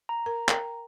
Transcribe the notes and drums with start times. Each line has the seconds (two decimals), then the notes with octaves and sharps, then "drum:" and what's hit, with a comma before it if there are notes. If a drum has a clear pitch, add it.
0.09 A#5
0.26 A#4
0.49 A#4 G5, drum: clap